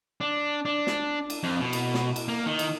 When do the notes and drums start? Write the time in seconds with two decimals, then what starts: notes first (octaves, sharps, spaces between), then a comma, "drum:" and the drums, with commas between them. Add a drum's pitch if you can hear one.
0.21 D4
0.65 D4
0.87 drum: snare
1.30 drum: cymbal
1.43 F2
1.60 B2
1.73 drum: cymbal
1.94 drum: snare
2.16 drum: cymbal
2.28 A#3
2.46 D#3
2.59 drum: cymbal